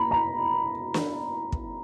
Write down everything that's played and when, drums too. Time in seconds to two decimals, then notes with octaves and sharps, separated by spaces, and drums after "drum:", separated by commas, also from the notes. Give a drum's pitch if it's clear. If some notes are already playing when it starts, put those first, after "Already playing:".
Already playing: A#5 B5
0.11 A#5
0.94 drum: snare
1.52 drum: kick